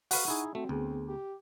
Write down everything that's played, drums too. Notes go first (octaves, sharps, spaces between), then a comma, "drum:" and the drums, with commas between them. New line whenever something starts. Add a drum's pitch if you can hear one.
F#4 B4 F5 F#5 C#6, drum: open hi-hat
D#4 E4 G#4
A3 C4 F#4
D2 B3 G#4
G4